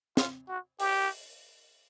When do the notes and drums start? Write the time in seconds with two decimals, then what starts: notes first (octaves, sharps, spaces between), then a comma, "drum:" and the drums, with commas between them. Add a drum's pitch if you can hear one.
0.17 F4, drum: snare
0.48 F#4
0.80 G4, drum: open hi-hat